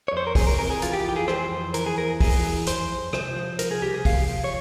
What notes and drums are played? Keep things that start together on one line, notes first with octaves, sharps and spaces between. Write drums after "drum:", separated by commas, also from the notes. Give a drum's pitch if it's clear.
C#5
F2 C5
A#4
C3 G#4, drum: kick, open hi-hat
A#4
E3 A#4
G#4
E3 F4, drum: hi-hat
G4
F4
F2 G4
G#4
E3 C5, drum: rim click
F2
E3 A#4, drum: hi-hat
G#4
E2 A#4
E3 G#4, drum: kick, open hi-hat
E2
F2 C5, drum: hi-hat
F2
C3 C5, drum: rim click
F3
C2 A#4, drum: hi-hat
G#4
C2 G4
G#4
C3 F5, drum: kick, open hi-hat
F3
C#5